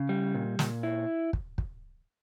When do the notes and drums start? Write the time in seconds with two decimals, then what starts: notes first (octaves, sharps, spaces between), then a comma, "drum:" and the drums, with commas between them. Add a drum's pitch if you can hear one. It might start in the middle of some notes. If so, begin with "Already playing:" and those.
Already playing: C#3
0.09 G3
0.35 A#2
0.59 A#2, drum: snare
0.83 E4
1.33 drum: kick
1.58 drum: kick